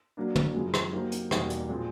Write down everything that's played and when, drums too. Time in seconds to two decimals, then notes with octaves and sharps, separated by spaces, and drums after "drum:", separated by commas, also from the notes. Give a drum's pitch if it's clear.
0.17 F#3 A#3 D4
0.36 drum: tom
0.54 F#2 C#3 F3 G#3
0.74 drum: rim click
0.93 F#3 A#3 D#4 G4 C5
1.12 drum: hi-hat
1.31 E2 B2 G3 A#3 D#4, drum: rim click
1.50 drum: hi-hat
1.69 A#2 F3 G#3 C4